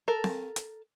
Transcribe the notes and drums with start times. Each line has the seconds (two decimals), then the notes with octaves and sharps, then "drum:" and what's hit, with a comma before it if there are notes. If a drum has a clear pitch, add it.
0.08 A4 A#4
0.24 drum: snare C4
0.56 drum: hi-hat